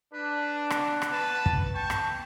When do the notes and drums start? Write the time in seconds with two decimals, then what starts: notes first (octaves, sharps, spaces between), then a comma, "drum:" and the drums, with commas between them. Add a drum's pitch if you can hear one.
0.13 D4 B4
0.70 F#5, drum: rim click
1.02 drum: rim click
1.11 B4 A5
1.46 drum: kick
1.75 G5 A5 C#6
1.90 drum: rim click